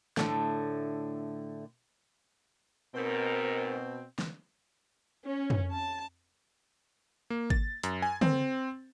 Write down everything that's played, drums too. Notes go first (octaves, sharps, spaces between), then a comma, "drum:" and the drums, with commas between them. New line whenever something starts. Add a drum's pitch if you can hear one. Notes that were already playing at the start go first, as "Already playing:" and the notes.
A2 D3 A3, drum: snare
G#2 B2 C4 A#4
drum: snare
C#4
drum: tom
A5
A#3
A6, drum: kick G#1
F#2, drum: hi-hat
G#5
C4, drum: tom